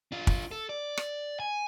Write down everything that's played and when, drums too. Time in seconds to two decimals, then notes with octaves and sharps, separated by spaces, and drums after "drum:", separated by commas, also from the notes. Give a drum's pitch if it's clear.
0.12 D4 F4
0.27 drum: kick
0.51 A4
0.69 D5
0.97 drum: rim click
1.40 G#5